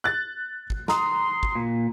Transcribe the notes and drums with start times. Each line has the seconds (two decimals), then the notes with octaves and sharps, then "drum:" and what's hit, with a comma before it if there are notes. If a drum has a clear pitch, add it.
0.04 F#6 A6
0.70 drum: kick
0.88 A#5 C6 D#6, drum: snare
1.43 drum: kick
1.55 A#2